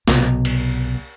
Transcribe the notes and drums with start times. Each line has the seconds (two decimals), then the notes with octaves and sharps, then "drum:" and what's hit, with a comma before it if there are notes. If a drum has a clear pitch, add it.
0.08 B1 C3, drum: snare
0.45 drum: cymbal